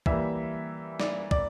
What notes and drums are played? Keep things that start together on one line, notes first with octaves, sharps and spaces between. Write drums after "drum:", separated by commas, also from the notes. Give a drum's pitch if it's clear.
E3 G3 A#3 E5, drum: kick
D5, drum: snare
D5, drum: kick